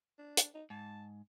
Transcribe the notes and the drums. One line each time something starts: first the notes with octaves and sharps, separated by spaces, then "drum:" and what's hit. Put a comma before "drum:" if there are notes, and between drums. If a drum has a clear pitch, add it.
D4
drum: hi-hat
D#4
G#2 A5